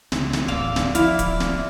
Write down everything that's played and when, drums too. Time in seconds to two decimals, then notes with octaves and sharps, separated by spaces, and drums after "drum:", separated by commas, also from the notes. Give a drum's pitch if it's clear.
0.12 C#2, drum: snare
0.33 drum: snare
0.48 D1 A1 D5 F5 E6
0.76 drum: snare
0.95 F3 E4 F5, drum: hi-hat
1.19 drum: kick, hi-hat
1.40 drum: snare